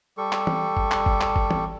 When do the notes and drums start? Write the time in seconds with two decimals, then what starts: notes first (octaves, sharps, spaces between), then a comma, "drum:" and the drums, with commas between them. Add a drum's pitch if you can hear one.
0.18 G3 A4 C#6
0.32 drum: clap
0.47 drum: tom
0.77 drum: kick G1
0.91 drum: clap
1.06 drum: kick G1
1.21 drum: clap
1.36 drum: kick G1
1.51 drum: tom